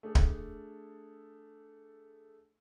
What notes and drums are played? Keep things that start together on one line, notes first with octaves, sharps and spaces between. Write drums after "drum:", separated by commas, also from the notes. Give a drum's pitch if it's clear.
A3 D4 G#4 A4
drum: kick D1